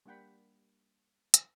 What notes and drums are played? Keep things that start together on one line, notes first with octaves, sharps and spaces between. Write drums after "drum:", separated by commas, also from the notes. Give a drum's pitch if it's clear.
G3 A#3 D4 F#5 G5 B5
drum: hi-hat